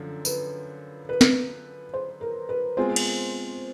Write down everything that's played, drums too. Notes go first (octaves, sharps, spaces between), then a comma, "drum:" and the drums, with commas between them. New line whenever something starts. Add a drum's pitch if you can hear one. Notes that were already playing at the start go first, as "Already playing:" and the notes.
Already playing: F#2 D3 F3
B4, drum: tambourine
B4
drum: snare
C5
A#4
B4
B2 G#3 C4 F4 G#4 C5
drum: cymbal